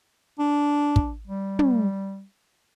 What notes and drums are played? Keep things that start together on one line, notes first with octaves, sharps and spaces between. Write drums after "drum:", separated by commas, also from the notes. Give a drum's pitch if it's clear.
D4
drum: kick
G3
drum: tom